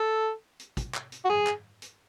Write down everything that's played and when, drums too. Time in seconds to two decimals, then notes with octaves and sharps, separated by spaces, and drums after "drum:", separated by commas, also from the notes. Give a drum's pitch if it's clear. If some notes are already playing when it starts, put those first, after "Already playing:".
Already playing: A4
0.59 drum: hi-hat
0.77 drum: kick, hi-hat
0.94 drum: clap
1.12 drum: hi-hat
1.25 F#4
1.29 G#4, drum: tom
1.47 drum: clap
1.82 drum: hi-hat